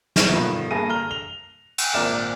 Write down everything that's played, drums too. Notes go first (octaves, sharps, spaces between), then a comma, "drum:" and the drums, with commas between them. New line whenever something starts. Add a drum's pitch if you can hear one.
drum: snare
G2 B2 D3 D#3 F3
G2 A#3 G#4 A4 A#6 D#7
D3 A#5 F6 G7
F7 G7
drum: cymbal
G#1 A#2 A#4 D5 F6 E7